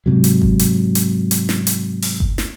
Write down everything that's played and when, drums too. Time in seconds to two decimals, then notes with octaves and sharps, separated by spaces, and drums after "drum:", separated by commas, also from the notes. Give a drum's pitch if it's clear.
0.06 G#2 C3 F#3
0.24 drum: hi-hat
0.42 drum: kick G1
0.59 drum: hi-hat
0.95 drum: hi-hat
1.31 drum: hi-hat
1.49 drum: snare
1.67 drum: hi-hat
2.02 drum: open hi-hat
2.20 drum: kick G1
2.38 drum: snare